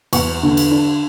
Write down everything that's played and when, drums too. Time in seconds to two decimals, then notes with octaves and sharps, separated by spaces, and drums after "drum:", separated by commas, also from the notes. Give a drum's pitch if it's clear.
0.13 E2 C#6, drum: cymbal
0.43 D3
0.57 drum: cymbal
0.71 D4